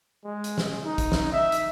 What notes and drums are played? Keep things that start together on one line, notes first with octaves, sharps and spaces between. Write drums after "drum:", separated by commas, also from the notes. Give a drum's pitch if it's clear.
G#3
drum: hi-hat
drum: snare
D#4
drum: kick, hi-hat
drum: snare
E5
drum: hi-hat